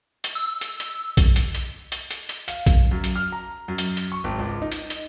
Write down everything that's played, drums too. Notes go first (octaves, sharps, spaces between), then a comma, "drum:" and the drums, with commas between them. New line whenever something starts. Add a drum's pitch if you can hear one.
drum: hi-hat
E6
drum: hi-hat
drum: hi-hat
drum: kick A#1, hi-hat
drum: hi-hat
drum: hi-hat
drum: hi-hat
drum: hi-hat
drum: hi-hat
F5, drum: hi-hat
drum: kick A#1, hi-hat
F#2
drum: hi-hat
F6
A#5
F#2
drum: hi-hat
drum: hi-hat
C#6
G#1
C#2
D#4
drum: hi-hat
drum: hi-hat